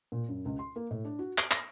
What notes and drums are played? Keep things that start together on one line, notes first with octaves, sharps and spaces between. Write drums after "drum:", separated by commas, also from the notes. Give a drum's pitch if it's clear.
A#2
F#2
C#2
C6
A#3
A2
D4
F#4
D7, drum: clap
A#6, drum: clap